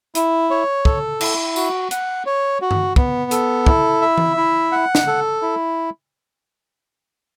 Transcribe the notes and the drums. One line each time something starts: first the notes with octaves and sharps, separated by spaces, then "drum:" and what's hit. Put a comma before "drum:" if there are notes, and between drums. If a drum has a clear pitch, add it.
E4, drum: hi-hat
C#5
A4, drum: kick
E4, drum: cymbal
F#4, drum: tambourine
F#5, drum: hi-hat
C#5
F#4
drum: tom G2
B3, drum: kick
A4, drum: hi-hat
E4, drum: kick
E5
drum: tom E3
E4
F#5
drum: snare
A4
E4